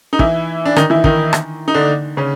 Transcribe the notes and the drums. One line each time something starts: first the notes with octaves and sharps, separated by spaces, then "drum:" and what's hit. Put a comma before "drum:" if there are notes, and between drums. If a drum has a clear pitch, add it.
D#4
E3 E4, drum: kick
D4
D#3 D#4, drum: rim click
E3 E4
D#3 D#4, drum: kick
drum: rim click
D#4
D3 D4
C#3 C#4